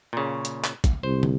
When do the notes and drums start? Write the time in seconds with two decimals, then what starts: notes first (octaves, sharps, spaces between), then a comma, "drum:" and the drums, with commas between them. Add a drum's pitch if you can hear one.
0.13 A#2 C#3
0.45 drum: hi-hat
0.64 drum: clap
0.84 drum: kick, hi-hat
1.03 C2 C5
1.23 drum: tom